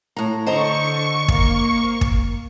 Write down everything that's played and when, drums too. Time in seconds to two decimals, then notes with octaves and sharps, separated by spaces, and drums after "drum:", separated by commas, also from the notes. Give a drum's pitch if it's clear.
0.16 A2 A#5
0.47 D3 C5 D#5 A#5 C#6
1.28 A#3, drum: kick
2.01 drum: kick